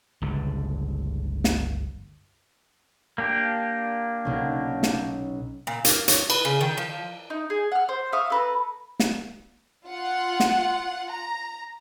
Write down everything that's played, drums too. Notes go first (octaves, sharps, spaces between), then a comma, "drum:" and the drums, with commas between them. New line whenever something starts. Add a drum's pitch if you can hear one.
G1 C#2 D3
drum: snare
A#3 D4 G4
B1 C#4
drum: snare
A#2
A#3, drum: hi-hat
C#5, drum: hi-hat
B4, drum: cymbal
C#3
D#3
F3
D#4
G#4
F#5 F6
C5
E5 F5 C#6 D#6
A4 B4 A#5
drum: snare
F4 F#5
drum: snare
A#5